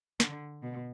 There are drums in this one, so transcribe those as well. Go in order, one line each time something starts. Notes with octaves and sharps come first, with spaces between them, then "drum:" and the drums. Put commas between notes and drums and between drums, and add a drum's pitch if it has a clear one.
D3, drum: snare
B2